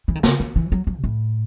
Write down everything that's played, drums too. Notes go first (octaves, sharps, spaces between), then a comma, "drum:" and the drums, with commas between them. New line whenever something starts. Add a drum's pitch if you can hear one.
E3
D#3
C#3, drum: snare
D#3
E3
F#3
F#3
B2
A2